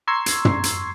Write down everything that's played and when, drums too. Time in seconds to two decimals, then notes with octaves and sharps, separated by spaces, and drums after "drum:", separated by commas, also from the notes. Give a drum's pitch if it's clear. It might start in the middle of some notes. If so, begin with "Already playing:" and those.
0.07 A#5 C6 C#6 E6 G#6 C7
0.26 drum: hi-hat
0.45 drum: tom
0.64 drum: hi-hat